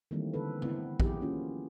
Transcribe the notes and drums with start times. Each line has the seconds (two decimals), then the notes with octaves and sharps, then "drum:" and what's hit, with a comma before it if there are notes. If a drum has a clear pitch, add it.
0.11 D#3 E3 G3 A3 A#3 C4
0.34 D3 C4 A4 B4
0.62 B3 C4 E4, drum: tom C#3
1.00 E3 F#3 B3 E4 G4 G#4, drum: kick
1.21 A#3 C#4 F4